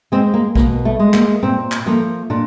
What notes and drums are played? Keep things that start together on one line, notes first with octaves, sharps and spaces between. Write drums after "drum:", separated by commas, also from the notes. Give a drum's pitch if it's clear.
G#3 C4
A#3
B2 A#3, drum: kick A#1
A3
G#3
A#3, drum: clap
A#2 C4
drum: clap
F3 A3 A#3
A#2 D4